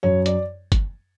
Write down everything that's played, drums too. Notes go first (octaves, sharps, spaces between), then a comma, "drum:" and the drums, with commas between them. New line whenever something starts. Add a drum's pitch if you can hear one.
F#2 C#5
D5, drum: hi-hat
drum: kick, hi-hat